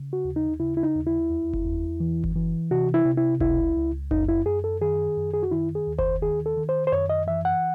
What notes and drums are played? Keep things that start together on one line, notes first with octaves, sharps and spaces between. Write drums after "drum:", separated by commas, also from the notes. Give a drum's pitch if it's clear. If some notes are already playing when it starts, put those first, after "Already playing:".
Already playing: C#3
F#4
D#2
D#4
C#3 E4
E4
D#4
D#2
E4
E2
drum: kick F#1
E2
E3
drum: kick F#1
E3
C3 F#4
E4
C3
E4
C#2 E4, drum: kick F#1
C#2
F#2 D#4, drum: kick F#1
E4
F#2 G#4
A4
D#3 G#4
F#2
G#4
F#4
D#3 E4
G#4
D#2
C5, drum: kick F#1
D#3 G#4
A4
D#3
C5
C5
F#2 C#5
D#5
E3 E5
F#5